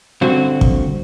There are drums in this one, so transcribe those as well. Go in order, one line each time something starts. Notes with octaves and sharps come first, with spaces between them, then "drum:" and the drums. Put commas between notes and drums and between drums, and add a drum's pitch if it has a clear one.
G2 D3 C4 F#4
drum: kick